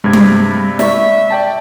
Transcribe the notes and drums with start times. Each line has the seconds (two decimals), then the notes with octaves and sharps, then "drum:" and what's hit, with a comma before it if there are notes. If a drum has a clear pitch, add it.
0.04 G2 C3 G3 G#3 G#6
0.13 drum: tom G3
0.79 D5 E5 C#6, drum: snare
1.30 D5 G5 A5